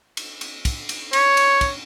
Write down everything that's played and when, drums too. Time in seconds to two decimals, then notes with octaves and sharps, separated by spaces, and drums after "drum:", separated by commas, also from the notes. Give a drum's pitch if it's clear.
0.17 drum: cymbal
0.41 drum: cymbal
0.65 drum: kick, cymbal
0.89 drum: cymbal
1.13 C#5, drum: cymbal
1.37 drum: cymbal
1.61 drum: kick, cymbal